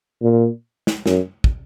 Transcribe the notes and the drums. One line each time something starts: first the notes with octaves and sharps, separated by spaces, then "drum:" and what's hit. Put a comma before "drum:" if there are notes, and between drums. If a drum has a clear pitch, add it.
A#2
drum: snare
F#2, drum: snare
drum: kick